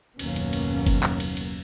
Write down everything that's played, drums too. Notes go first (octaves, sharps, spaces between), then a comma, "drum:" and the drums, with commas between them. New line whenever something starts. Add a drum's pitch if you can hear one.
F#1 D#2 B2 F#3 A#3 C#4, drum: cymbal
drum: cymbal
drum: cymbal
drum: kick F#1, cymbal
drum: clap
drum: cymbal
drum: cymbal